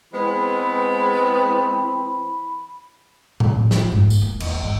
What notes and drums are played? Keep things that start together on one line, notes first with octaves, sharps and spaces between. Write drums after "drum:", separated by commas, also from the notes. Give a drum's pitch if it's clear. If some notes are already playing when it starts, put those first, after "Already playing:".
E3 G#3 B3 C4 B5
A3 C4, drum: tom A2
F3, drum: snare
G#2 A3
drum: tambourine
A#3
E2, drum: cymbal
G#1